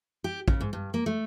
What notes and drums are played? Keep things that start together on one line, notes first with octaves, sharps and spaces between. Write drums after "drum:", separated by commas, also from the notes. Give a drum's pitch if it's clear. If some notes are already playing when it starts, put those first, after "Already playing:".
G4
C#3, drum: kick
G#2
G2
A#3
A3